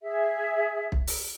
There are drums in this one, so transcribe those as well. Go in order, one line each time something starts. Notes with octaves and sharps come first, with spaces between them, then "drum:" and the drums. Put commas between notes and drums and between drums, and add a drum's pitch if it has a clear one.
G#4 E5
drum: kick
drum: open hi-hat